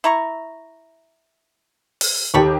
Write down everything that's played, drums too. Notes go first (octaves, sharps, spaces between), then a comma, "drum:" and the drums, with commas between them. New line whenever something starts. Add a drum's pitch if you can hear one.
E4 A#5 C#6
drum: open hi-hat
D#2 G4 A4 B5 C#6